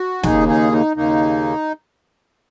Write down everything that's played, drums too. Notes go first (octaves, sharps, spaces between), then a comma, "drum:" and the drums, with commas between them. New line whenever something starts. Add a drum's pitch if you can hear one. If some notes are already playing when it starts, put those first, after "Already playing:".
Already playing: F#4
D#2 C#3 A#3 D#4 G#4, drum: snare
D#4 G#4
D#4
D#2 C#3 A#3 D#4